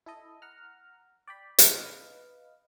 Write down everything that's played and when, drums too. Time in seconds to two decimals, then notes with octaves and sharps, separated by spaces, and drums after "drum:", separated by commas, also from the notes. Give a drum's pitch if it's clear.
0.06 E4 A4 D#5
0.42 F#5 A#5 F6
1.28 D5 G5 B5
1.59 B4 D#5 F5, drum: hi-hat